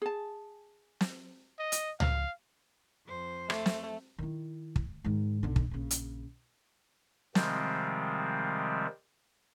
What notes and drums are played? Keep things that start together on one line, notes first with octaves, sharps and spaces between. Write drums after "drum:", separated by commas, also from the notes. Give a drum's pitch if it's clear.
G#4 A5
drum: snare
D#5
drum: hi-hat
F5, drum: tom C#2
F2 C5
A3, drum: rim click
drum: snare
D#3 E4
drum: kick
G#2 D#3
B1 D3
drum: kick
A#1 C#3
drum: hi-hat
C3 D#3 F3 G3 G#3 C4, drum: snare